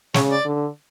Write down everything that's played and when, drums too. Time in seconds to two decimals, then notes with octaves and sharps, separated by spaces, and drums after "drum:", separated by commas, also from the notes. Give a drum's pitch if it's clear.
0.14 C#3 C#5, drum: snare
0.30 D5
0.45 D3